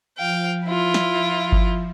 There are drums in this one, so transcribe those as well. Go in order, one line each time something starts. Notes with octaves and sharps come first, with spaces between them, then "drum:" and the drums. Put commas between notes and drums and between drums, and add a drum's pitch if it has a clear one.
F3 F5 G5
E4 F4
drum: snare
drum: kick G1